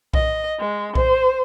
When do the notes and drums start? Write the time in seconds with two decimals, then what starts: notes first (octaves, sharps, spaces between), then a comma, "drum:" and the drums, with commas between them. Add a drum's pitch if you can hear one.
0.14 D#5, drum: kick B1
0.59 G#3
0.95 C5, drum: kick B1